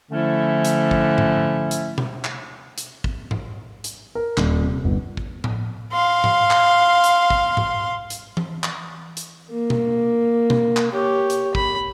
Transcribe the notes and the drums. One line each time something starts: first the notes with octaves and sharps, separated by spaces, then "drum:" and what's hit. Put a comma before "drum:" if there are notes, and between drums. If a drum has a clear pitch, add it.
D3 F3 A3 C#4 E4
drum: hi-hat
drum: kick
drum: tom G#2
drum: hi-hat
drum: tom B2
drum: clap
drum: hi-hat
drum: kick
drum: tom G#2
drum: hi-hat
A#4
D#1, drum: clap
C3
G1
drum: kick
drum: tom A2
F5 C6
drum: tom G#2
drum: clap
drum: hi-hat
drum: kick
drum: tom G#2
drum: hi-hat
drum: tom E3
drum: clap
drum: hi-hat
A#3
drum: tom B2
drum: tom B2
drum: clap
G4 C#5
drum: hi-hat
B5, drum: kick